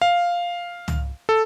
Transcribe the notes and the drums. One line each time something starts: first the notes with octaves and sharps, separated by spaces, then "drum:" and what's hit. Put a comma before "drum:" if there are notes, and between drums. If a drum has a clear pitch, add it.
F5
drum: tom
A4